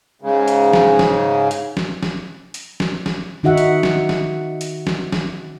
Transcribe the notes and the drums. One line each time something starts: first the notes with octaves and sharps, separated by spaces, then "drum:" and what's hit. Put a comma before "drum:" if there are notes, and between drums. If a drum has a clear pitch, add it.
G#2 C#3
drum: hi-hat
drum: snare
drum: snare
drum: hi-hat
drum: snare
drum: snare
drum: hi-hat
drum: snare
drum: snare
D#3 D#4 F#4 E5 F#5
drum: hi-hat
drum: snare
drum: snare
drum: hi-hat
drum: snare
drum: snare